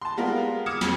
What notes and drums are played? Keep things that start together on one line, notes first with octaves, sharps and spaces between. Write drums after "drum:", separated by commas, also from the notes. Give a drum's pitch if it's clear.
A5 C6
G3 G#3 B3 F4 A#4
D6 D#6 F6 G#6 C#7 E7
F2, drum: snare